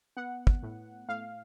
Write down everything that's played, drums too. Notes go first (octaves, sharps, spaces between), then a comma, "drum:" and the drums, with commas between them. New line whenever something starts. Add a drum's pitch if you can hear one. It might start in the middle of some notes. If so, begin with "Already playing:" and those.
B3 F#5
drum: kick
A2
A2 F5